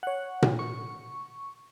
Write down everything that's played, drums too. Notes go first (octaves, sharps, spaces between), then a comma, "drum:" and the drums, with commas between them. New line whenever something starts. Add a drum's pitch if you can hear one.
C#5 F#5
drum: tom A#2
C#6